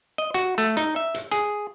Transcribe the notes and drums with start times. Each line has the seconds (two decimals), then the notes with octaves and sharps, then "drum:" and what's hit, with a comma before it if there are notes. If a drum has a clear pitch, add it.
0.18 D#5
0.34 F#4, drum: hi-hat
0.58 A3
0.77 D#4, drum: hi-hat
0.96 E5
1.14 drum: hi-hat
1.31 G#4, drum: hi-hat